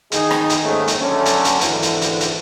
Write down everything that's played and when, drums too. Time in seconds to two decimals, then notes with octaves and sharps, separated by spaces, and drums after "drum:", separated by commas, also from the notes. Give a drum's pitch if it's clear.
0.12 D#3 D#4 G#4, drum: hi-hat
0.31 drum: rim click
0.50 drum: hi-hat
0.63 D#2 G#2 D#3 G#3 A3 C#4
0.88 drum: hi-hat
1.00 D3 F#3 A3 C#4
1.26 drum: hi-hat
1.45 drum: hi-hat
1.61 G#1 D3 E3, drum: hi-hat
1.83 drum: hi-hat
2.01 drum: hi-hat
2.20 drum: hi-hat